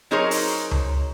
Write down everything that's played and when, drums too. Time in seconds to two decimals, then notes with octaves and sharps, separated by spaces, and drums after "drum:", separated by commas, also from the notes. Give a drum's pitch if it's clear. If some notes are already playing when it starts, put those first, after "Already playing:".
0.11 F#3 D#4 G#4 A#4 C5 C#5
0.31 drum: open hi-hat
0.71 drum: tom C#2